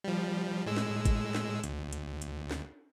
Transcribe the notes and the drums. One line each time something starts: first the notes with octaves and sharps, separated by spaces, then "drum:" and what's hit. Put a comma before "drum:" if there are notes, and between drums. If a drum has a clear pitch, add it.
F3 G3
A2 G#3 E6
drum: snare
drum: kick, hi-hat
drum: snare
D2, drum: hi-hat
drum: hi-hat
drum: hi-hat
drum: snare